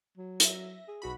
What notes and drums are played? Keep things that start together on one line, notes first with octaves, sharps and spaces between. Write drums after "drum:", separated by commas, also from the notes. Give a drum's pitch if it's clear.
F#3
E5 A#6, drum: hi-hat
G#4
B1 F#4 B5